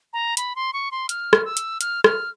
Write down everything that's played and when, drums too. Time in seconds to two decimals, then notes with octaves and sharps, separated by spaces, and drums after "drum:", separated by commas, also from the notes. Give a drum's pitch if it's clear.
0.13 A#5
0.37 B5, drum: hi-hat
0.56 C6
0.73 C#6
0.91 C6
1.09 F6, drum: hi-hat
1.33 drum: rim click
1.45 E6
1.57 drum: hi-hat
1.81 F6, drum: hi-hat
2.04 F6, drum: rim click